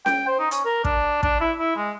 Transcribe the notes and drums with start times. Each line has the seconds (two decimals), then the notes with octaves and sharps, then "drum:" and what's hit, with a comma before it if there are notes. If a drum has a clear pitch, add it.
0.06 G5, drum: snare C#4
0.27 C5
0.39 D#4
0.51 C#4, drum: hi-hat
0.65 A#4
0.85 D4, drum: kick
1.23 D4, drum: kick
1.41 E4
1.59 E4
1.76 G#3